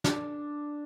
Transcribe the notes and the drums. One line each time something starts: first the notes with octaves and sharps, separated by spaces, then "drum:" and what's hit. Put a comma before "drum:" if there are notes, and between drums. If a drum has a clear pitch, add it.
D4, drum: snare